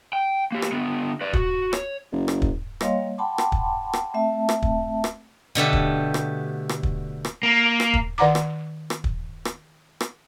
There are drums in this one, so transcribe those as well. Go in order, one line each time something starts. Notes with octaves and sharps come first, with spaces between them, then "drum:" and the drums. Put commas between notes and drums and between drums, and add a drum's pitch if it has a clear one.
G5
A#3 G4
drum: rim click
D3 B3
B4 D5
F#4, drum: kick
C#5, drum: rim click
F#1
drum: rim click
drum: kick
G3 A#3 C#5 D#5 F5 C6, drum: rim click
F#5 G5 A5 B5 C6 D6
drum: rim click
drum: kick
drum: rim click
A3 C4 E5 A5
drum: rim click
drum: kick
drum: rim click
B2 D3 A3 G4
drum: kick
drum: rim click
drum: rim click
drum: kick
drum: rim click
A#3
drum: rim click
drum: kick
D#3 D5 F#5 A#5 D6
drum: rim click
drum: rim click
drum: kick
drum: rim click
drum: rim click